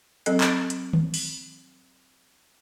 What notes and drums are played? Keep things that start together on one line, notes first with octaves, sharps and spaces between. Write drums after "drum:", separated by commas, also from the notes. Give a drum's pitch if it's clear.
F#3 C4 A4 D#5, drum: hi-hat
drum: clap
drum: hi-hat
drum: tom
drum: open hi-hat